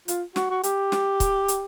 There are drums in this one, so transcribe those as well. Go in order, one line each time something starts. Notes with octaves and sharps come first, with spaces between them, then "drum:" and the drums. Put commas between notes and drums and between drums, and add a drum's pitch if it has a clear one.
F4, drum: hi-hat
F#4, drum: snare
F#4
G4, drum: hi-hat
drum: snare
drum: kick, hi-hat
drum: hi-hat